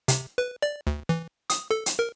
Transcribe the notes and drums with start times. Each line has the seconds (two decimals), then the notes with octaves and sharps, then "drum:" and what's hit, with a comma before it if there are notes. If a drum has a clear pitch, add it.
0.08 C3, drum: hi-hat
0.38 B4
0.62 D5
0.87 D2
1.09 E3
1.50 D#6, drum: hi-hat
1.71 A4
1.86 drum: hi-hat
1.99 A#4